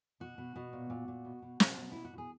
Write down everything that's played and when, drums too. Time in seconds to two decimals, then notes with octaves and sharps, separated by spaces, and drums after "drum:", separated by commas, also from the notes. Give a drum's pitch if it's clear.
0.20 B2 F#4
0.38 B2
0.56 B2
0.73 A#2
0.90 A#2
1.08 A#2
1.25 B2
1.42 B2
1.60 B2, drum: snare
1.78 B2
1.92 B2 E4
2.05 F#4
2.13 B2 G#4